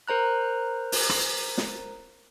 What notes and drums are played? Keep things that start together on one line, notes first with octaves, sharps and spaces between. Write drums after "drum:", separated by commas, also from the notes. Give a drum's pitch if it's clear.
A#4 C5 A#5 F#6
drum: open hi-hat
drum: rim click
drum: snare